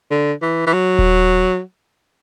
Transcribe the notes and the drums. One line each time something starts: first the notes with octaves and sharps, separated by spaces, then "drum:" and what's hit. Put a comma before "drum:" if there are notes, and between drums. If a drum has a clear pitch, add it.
D3
E3
E3
F#3
drum: kick D#1